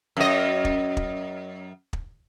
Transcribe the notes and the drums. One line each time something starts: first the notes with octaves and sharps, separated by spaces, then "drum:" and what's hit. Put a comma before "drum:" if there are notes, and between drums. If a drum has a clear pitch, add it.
F#2 D#5
drum: kick
drum: kick
drum: kick